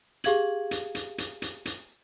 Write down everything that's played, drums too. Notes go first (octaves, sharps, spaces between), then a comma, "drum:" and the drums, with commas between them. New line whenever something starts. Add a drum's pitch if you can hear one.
G4 G#4 F5 G#6 F#7, drum: hi-hat
drum: hi-hat
drum: hi-hat
drum: hi-hat
drum: hi-hat
drum: hi-hat